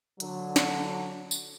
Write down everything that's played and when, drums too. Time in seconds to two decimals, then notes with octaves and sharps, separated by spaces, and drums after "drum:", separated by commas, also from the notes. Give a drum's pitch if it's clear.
0.20 D3 F#3, drum: hi-hat
0.56 drum: snare
1.31 drum: tambourine